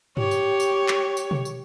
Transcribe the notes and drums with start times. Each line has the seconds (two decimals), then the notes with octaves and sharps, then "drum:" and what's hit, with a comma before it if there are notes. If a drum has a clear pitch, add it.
0.17 G4 C#5, drum: tom G2
0.31 drum: tambourine
0.60 drum: tambourine
0.88 drum: clap
1.17 drum: tambourine
1.31 drum: tom B2
1.45 drum: tambourine